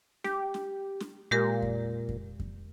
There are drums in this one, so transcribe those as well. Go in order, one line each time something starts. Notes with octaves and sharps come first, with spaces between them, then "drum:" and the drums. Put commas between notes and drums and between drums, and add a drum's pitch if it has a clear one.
G4, drum: snare
drum: snare
drum: snare
A#2 G#3 G4 A#4
drum: kick F2
drum: kick F2
drum: kick F2